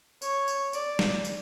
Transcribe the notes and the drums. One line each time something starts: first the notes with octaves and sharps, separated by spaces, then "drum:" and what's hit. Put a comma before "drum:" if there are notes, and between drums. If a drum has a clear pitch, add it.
C#5, drum: tambourine
drum: tambourine
D5, drum: tambourine
drum: snare
drum: tambourine